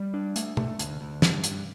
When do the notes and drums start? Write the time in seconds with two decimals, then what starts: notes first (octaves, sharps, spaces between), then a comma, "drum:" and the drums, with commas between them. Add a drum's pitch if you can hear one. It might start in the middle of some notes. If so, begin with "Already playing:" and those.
Already playing: G3
0.14 D4
0.36 A3, drum: hi-hat
0.57 A3, drum: tom
0.79 D2, drum: hi-hat
1.01 D2
1.22 G2, drum: snare
1.44 G2, drum: hi-hat